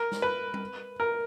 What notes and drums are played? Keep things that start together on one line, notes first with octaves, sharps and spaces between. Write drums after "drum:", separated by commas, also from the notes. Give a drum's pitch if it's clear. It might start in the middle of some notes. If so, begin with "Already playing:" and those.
Already playing: A#4
drum: snare
B4
drum: tom G3
A#4